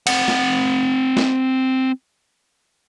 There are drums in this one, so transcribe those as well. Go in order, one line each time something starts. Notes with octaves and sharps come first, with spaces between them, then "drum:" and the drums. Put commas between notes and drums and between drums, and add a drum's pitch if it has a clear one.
C4 F#5, drum: cymbal
drum: snare
drum: snare